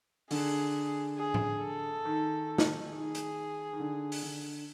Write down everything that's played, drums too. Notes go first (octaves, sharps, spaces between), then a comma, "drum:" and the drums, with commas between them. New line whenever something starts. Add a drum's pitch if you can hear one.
D3 G#4, drum: open hi-hat
G#4
drum: tom A2
A4
D#3
drum: snare
D#3 G#4
drum: hi-hat
D#3
D3
drum: open hi-hat
D3